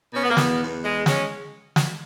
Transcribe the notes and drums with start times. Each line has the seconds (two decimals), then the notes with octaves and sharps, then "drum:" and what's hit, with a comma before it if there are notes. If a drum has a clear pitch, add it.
0.13 B2 C#4
0.22 B3
0.29 A#3
0.37 E2 B3, drum: snare
0.60 E2
0.84 G#3
1.06 G#3 C#4, drum: snare
1.76 drum: snare